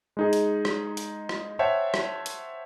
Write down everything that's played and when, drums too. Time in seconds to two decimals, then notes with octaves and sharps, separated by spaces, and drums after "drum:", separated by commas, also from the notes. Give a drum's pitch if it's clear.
0.17 G#3 D#4 G#4
0.33 drum: hi-hat
0.65 drum: rim click
0.97 drum: hi-hat
1.29 drum: rim click
1.59 C5 C#5 E5 F#5 G5 A5
1.94 drum: rim click
2.26 drum: hi-hat